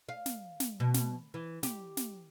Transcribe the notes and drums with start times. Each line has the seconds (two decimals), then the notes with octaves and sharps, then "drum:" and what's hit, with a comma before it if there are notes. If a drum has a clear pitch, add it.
0.09 F5
0.26 drum: snare
0.60 drum: snare
0.80 B2
0.94 drum: snare
1.34 E3
1.63 G4, drum: snare
1.97 drum: snare